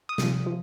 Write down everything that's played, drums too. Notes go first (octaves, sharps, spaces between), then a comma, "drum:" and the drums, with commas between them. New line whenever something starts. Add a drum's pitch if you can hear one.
D#6
C3 F3, drum: snare
F3